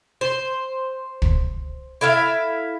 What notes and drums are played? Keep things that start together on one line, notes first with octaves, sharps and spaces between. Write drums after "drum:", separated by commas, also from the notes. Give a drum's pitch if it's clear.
C5
drum: kick
E4 A4 E5 F5